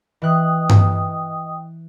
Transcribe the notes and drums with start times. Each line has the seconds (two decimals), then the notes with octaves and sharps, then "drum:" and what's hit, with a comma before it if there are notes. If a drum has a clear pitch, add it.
0.22 E3 D#5 G5 D#6 F#6
0.70 drum: tom G2